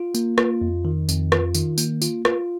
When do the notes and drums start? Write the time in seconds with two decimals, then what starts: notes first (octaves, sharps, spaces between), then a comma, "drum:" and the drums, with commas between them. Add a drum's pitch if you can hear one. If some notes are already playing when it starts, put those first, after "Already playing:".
Already playing: F4
0.15 A#3, drum: tambourine
0.38 F4, drum: rim click
0.61 F2
0.85 D#3
1.09 F2, drum: tambourine
1.32 F4, drum: rim click
1.55 D#3, drum: tambourine
1.78 A#3, drum: tambourine
2.02 F4, drum: tambourine
2.25 F4, drum: rim click